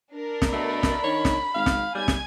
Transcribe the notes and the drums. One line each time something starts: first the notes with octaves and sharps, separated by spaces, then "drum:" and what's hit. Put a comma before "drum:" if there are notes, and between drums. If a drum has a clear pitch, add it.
D4 A#4
drum: snare
B2 A3 B5
drum: snare
D#3 C#5
drum: snare
G#1 F5
drum: snare
B1 G3 G#5 G#6
drum: snare